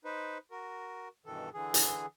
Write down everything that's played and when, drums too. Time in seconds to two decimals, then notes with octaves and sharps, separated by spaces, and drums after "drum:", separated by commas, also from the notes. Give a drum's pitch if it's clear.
0.05 D#4 B4 C5
0.51 F#4 A#4
1.26 G2 B2 D#3 E3 A4
1.54 D3 E3 G#4
1.74 drum: hi-hat